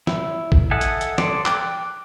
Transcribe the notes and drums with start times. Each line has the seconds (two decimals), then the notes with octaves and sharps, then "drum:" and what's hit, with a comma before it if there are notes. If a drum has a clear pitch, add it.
0.07 E4, drum: snare
0.52 drum: kick
0.71 A4 D#5 E5 F#5 G#5
0.81 drum: hi-hat
1.01 drum: hi-hat
1.18 A4 C5 D5, drum: snare
1.46 G5 D6 F#6, drum: clap